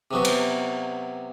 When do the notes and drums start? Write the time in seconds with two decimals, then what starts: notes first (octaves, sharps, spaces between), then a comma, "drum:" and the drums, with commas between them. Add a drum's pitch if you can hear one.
0.11 C3 F#3 B3 F#4
0.25 drum: cymbal